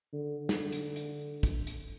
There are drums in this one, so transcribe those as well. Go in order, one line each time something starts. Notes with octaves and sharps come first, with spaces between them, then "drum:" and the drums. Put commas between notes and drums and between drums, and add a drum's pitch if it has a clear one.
D3
D3, drum: snare
drum: hi-hat
drum: hi-hat
drum: kick, hi-hat
drum: hi-hat